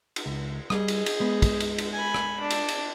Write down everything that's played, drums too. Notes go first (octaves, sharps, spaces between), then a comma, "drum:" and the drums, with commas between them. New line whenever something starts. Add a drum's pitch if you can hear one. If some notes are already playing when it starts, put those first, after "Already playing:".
drum: cymbal
C#2
G3 G#4 D#5, drum: rim click
drum: cymbal
drum: cymbal
G#3 B3
drum: kick, cymbal
drum: cymbal
drum: cymbal
G#5 B5
drum: rim click
D4
drum: cymbal
drum: cymbal